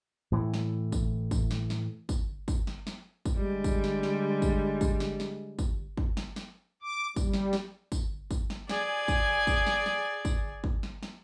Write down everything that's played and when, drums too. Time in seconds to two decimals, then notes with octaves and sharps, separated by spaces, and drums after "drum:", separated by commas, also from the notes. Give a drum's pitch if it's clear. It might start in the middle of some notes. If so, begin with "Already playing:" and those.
0.32 A2 E3 A3
0.54 drum: snare
0.92 drum: kick, tambourine
1.31 drum: kick, tambourine
1.51 drum: snare
1.70 drum: snare
2.09 drum: kick, tambourine
2.48 drum: kick, tambourine
2.67 drum: snare
2.87 drum: snare
3.26 drum: kick, tambourine
3.36 D3 G3 G#3
3.64 drum: kick, tambourine
3.84 drum: snare
4.03 drum: snare
4.42 drum: kick, tambourine
4.81 drum: kick, tambourine
5.00 drum: snare
5.20 drum: snare
5.59 drum: kick, tambourine
5.97 drum: kick
6.17 drum: snare
6.36 drum: snare
6.82 D6
7.16 G3, drum: kick, tambourine
7.33 drum: snare
7.53 drum: snare
7.92 drum: kick, tambourine
8.31 drum: kick, tambourine
8.50 drum: snare
8.69 G#4 D5 G#5, drum: snare
9.08 drum: kick, tambourine
9.47 drum: kick, tambourine
9.67 drum: snare
9.86 drum: snare
10.25 drum: kick, tambourine
10.64 drum: kick
10.83 drum: snare
11.03 drum: snare